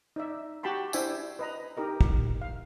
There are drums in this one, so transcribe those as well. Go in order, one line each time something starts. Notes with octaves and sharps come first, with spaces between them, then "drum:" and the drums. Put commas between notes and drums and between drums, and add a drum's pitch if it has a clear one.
D#4 D5 E5
F#4 G4 G5 A5 B5 C6
D4 E4 C5 E5 G5 G#5, drum: tambourine
B4 D#5 A#5
D#4 G4 A#4 D#5
drum: kick
F5